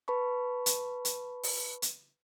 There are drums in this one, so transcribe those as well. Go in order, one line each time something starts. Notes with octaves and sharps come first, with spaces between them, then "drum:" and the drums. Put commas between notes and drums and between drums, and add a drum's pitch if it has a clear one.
B4 A5 B5 C#6
drum: hi-hat
drum: hi-hat
drum: open hi-hat
drum: hi-hat